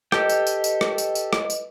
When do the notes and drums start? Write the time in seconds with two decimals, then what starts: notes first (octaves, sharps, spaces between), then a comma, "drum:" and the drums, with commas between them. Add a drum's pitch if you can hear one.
0.12 G4 A4 B4 D#5 G5, drum: rim click
0.29 drum: tambourine
0.47 drum: tambourine
0.64 drum: tambourine
0.81 drum: rim click
0.98 drum: tambourine
1.15 drum: tambourine
1.33 drum: rim click
1.50 drum: tambourine